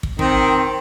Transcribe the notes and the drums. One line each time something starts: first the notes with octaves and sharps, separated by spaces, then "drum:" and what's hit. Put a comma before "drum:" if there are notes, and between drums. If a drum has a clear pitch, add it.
drum: kick
D#3 C4, drum: kick